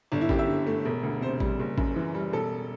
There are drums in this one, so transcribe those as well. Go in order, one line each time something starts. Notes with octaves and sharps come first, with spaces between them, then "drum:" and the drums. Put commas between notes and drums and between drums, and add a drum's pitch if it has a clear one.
G1 D4
E4
F#2 G4, drum: kick A1
E5
D3
A3
E1
D2
C3 C5
G3, drum: kick A1
F#1
F#2, drum: kick A1
E3
G3
E1 A4